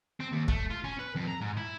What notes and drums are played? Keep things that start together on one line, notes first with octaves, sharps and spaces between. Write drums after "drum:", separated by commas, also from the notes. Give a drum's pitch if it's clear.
C4
D#2
A3, drum: kick
F4
C#4
B4
F2
A#5
G#2
E4